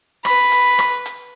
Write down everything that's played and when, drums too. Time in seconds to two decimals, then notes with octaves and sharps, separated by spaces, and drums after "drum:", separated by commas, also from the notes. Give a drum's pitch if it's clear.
0.25 B4 B5, drum: rim click
0.52 drum: hi-hat
0.79 drum: rim click
1.06 drum: hi-hat